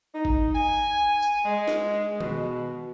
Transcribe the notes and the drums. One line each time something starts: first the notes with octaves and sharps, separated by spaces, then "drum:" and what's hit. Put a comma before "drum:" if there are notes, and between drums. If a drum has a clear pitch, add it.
D#4
drum: kick G1
G#5
drum: tambourine
G#3
drum: snare
B2, drum: tom D#3